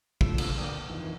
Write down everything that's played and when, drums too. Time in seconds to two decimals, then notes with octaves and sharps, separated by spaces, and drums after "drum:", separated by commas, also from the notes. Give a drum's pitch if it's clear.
0.21 F2 A2 D3 F3 E6, drum: kick
0.38 drum: cymbal
0.58 D2 A#2 D5 G5 D#6
0.89 F2 D#3 E3